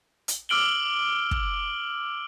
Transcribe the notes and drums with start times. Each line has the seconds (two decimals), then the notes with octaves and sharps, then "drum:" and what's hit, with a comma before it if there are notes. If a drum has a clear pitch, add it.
0.28 drum: hi-hat
0.49 D6 E6 F6 D7 F#7 G7
1.31 drum: kick